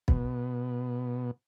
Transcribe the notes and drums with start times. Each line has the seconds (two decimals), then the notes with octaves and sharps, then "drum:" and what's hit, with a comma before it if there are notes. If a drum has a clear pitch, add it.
0.08 B2, drum: kick